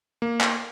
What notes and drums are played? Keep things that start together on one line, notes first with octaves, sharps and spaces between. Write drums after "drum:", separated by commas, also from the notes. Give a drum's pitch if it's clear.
A#3
drum: clap